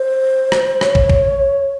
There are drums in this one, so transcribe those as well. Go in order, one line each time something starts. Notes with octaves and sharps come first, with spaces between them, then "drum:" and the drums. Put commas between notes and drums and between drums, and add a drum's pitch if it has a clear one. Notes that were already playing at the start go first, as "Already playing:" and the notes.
Already playing: C5
drum: rim click
C#5, drum: rim click
drum: kick
drum: kick